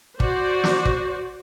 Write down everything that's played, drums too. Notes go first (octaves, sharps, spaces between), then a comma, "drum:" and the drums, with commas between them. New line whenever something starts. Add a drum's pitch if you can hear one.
F#4 C5 D5, drum: kick
drum: snare
drum: kick